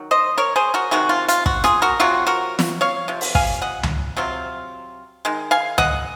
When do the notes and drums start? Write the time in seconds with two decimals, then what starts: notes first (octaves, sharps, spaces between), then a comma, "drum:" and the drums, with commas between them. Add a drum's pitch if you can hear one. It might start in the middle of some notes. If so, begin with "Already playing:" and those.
Already playing: D#3 F#3
0.11 C5 D#5
0.38 A#4 C#5
0.56 G#4 C5
0.74 F#4 A#4
0.91 C3 D#3 G#3 F#4
1.09 F4
1.28 F4, drum: hi-hat
1.46 F#4, drum: kick
1.64 F4 G#4, drum: rim click
1.82 F#4 A#4
2.00 C3 F#3 C4 F4 F#4
2.27 F#4 A#4
2.59 drum: snare
2.81 C#5 F5
3.08 C3 F3
3.21 drum: open hi-hat
3.35 F5 G#5, drum: kick
3.62 D#5 F#5
3.83 drum: tom C#2
4.17 C3 F#3 C4 F4
5.25 D#3 G#3
5.51 F5 G#5
5.78 D#5 F#5, drum: tom C#2